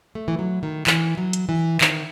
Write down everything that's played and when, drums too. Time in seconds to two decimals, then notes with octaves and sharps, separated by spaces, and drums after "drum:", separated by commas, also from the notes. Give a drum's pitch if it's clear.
0.15 A3
0.28 E3
0.39 F#3
0.63 D#3
0.87 E3, drum: clap
1.17 F#3
1.33 drum: hi-hat
1.49 E3
1.81 D#3, drum: clap